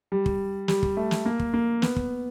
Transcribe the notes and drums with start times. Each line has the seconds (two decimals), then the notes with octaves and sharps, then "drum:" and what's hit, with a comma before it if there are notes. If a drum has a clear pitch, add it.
0.12 G3
0.26 drum: kick
0.68 G3, drum: snare
0.83 drum: kick
0.97 A3
1.11 drum: snare
1.26 A#3
1.39 drum: kick
1.54 A#3
1.82 B3, drum: snare
1.96 drum: kick